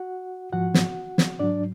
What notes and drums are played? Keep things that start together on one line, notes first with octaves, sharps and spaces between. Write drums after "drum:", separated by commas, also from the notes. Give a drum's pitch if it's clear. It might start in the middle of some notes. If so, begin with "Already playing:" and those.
Already playing: F#4 F#5
G#2 F3 F#4 F#5
drum: snare
drum: snare
G#2 F#3 D4 D5